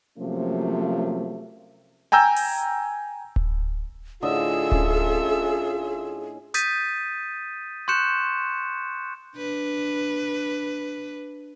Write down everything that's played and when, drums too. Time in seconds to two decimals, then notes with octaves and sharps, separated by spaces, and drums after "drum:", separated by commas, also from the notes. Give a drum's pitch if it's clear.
0.18 C3 F3 F#3 A3 A#3 C#4
2.12 G5 G#5 A#5 E6 G6
2.36 drum: open hi-hat
3.36 drum: kick D1
4.22 A2 D3 F4 G#4 A4 D#5 E5
4.72 C#4, drum: kick D1
6.54 D#6 G6 A6 B6 D#7, drum: hi-hat
7.88 C6 C#6 F#6 G6 C#7 E7
9.37 D4 B4